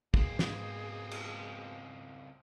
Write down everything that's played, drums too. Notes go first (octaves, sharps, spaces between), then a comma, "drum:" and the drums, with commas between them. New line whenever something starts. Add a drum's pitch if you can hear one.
C#2 G#2 B2 G#3 A#3 C4 G#4, drum: kick
drum: snare
drum: cymbal